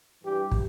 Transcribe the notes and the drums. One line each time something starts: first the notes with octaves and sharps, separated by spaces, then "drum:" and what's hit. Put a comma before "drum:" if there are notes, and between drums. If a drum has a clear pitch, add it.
G2 E3 G3 G4
drum: kick